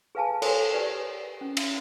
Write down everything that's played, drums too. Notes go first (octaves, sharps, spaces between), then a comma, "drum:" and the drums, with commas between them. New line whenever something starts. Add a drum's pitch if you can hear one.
G#4 B4 F5 G#5 A5
A4 A#4 C5 C#5 G#5 C6, drum: cymbal
G4 B4 D5
C#4
drum: cymbal